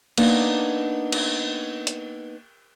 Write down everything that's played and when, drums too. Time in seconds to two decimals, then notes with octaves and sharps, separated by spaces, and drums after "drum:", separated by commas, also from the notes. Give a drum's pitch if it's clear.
0.18 A#3 B3 D4 D#4, drum: cymbal
1.12 drum: cymbal
1.87 drum: hi-hat